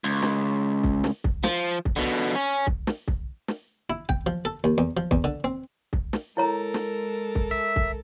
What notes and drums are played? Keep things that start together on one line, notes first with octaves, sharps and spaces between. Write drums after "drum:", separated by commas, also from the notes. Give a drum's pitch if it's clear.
C#2
drum: snare
drum: kick
drum: snare
drum: kick
F3, drum: snare
drum: kick
B2 D3
C#4
drum: kick
drum: snare
drum: kick
drum: snare
E4
G5, drum: kick
F3
A4
D#2
E2
F3
E2, drum: kick
D3
C4
drum: kick
drum: snare
G#3 E4 A4 A#4 C#5 A#5
drum: snare
drum: kick
E5
drum: kick